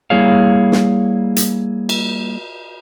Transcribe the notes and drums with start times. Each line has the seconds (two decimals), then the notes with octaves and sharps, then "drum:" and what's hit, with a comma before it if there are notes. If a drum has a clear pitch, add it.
0.10 G3 A#3 E4 G#4 C#5 F5
0.72 drum: snare
1.36 drum: hi-hat
1.89 drum: cymbal